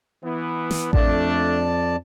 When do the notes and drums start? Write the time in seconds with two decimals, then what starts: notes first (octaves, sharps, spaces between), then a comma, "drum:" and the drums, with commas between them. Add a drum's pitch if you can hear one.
0.23 E3 B3
0.71 drum: snare
0.93 F2 A3 D4 D5 A5, drum: kick A1